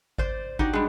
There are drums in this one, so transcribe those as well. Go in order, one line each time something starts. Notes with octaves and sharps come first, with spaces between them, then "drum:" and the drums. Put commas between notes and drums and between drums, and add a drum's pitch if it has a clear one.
C5 D5, drum: kick G#1
D#4 F#4 G4 D5, drum: kick G#1
G3 G#3 D4